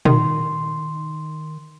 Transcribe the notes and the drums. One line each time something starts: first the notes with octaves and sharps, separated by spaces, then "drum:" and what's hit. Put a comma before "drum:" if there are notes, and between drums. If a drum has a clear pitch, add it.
D#3 C6, drum: tom A#2